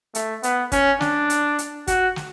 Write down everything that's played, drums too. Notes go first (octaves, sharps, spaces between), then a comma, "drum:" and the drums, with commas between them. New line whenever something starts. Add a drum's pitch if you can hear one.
A3, drum: hi-hat
B3, drum: hi-hat
C#4, drum: kick, hi-hat
D4, drum: snare
drum: hi-hat
drum: hi-hat
F#4, drum: kick, hi-hat
drum: snare